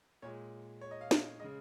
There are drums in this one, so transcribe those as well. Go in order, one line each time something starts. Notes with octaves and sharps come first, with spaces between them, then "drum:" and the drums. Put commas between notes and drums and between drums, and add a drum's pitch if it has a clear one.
A#2 G#3 C#5
C#5
D#5
F5
D#5, drum: snare
C#3 G#3 D#5